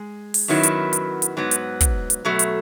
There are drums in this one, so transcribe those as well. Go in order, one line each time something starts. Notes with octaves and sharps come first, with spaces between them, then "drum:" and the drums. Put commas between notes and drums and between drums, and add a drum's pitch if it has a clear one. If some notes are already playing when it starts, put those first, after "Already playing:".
Already playing: G#3
drum: open hi-hat
F#2 D#3 F#3 B3 E4
drum: hi-hat
drum: hi-hat
drum: hi-hat
G#2 F#3 B3
drum: hi-hat
drum: kick, hi-hat
drum: hi-hat
B2 F#3 A3
drum: hi-hat